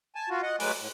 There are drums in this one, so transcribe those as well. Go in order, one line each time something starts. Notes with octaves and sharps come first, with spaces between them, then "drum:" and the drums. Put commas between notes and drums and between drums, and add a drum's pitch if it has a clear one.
G#5 A5
F4 F#4
D#5 F#5
F#3 G#3 A3 B4 G#5 D6, drum: open hi-hat
A2